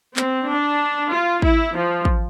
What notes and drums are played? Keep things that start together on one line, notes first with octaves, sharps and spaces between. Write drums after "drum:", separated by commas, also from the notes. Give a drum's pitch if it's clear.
C4, drum: clap
D4
F4
E4, drum: kick
F3
drum: kick